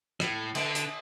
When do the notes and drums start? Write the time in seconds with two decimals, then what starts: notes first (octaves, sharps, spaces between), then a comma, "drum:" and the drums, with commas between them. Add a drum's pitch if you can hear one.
0.20 A2, drum: rim click
0.55 D3, drum: cymbal
0.75 drum: hi-hat